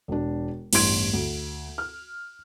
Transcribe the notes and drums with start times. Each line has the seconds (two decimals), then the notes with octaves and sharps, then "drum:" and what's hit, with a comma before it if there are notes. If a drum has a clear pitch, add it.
0.08 E1 D4
0.73 A1 E2 G2 C6 G#6 D7, drum: cymbal
1.13 D2
1.78 F6